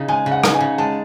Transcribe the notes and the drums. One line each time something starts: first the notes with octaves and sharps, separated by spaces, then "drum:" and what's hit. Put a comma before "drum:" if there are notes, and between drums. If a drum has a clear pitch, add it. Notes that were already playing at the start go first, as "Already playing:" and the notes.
Already playing: C#3 D#4
G#3 G#5
C#3
F#5
D#4, drum: rim click
G#5
C#3
G#3 A5